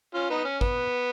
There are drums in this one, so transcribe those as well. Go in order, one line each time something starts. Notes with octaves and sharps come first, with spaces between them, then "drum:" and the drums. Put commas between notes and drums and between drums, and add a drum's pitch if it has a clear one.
C#4 F4
B3 D#4
C#4
B3, drum: kick G#1